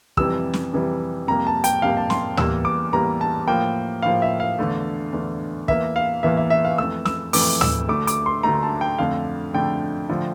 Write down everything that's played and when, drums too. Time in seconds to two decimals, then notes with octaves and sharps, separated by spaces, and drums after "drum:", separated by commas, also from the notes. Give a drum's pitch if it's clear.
0.17 F2 C3 E3 G3 E6, drum: kick
0.54 drum: snare
0.73 F2 C3 E3 G3
1.27 F2 C3 G3 A#3 A#5
1.47 A5
1.64 G5, drum: hi-hat
1.82 F2 C3 G3 A#3 F5
1.97 A5
2.10 C6, drum: snare
2.37 E2 E3 G3 A#3 E6, drum: tom
2.65 D6
2.92 E2 E3 G3 A#3 A#5
3.21 A5
3.47 A2 F3 A#3 G5
4.02 A2 F3 A#3 F5
4.22 E5
4.40 F5
4.59 E2 D3 A3
5.13 E2 D3 A3
5.68 E2 E3 A#3 E5, drum: kick
5.96 F5
6.23 E2 E3 A#3 E5
6.37 E5
6.50 E5
6.65 F5
6.78 F2 E3 A3 E6
7.05 E6, drum: snare
7.33 F2 E3 A3 D6, drum: open hi-hat
7.61 E6, drum: tom
7.89 D2 D3 A3 D6
8.07 D6, drum: hi-hat
8.26 C6
8.43 D2 D3 A3 A#5
8.63 A5
8.81 G5
8.99 F2 D3 A3 F5
9.54 F2 D3 A3 G5
10.09 D3 F3 A3